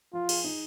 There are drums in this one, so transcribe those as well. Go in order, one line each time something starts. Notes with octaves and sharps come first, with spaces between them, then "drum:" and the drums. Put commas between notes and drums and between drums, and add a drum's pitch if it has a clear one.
F3 F4
G#4, drum: cymbal
D#4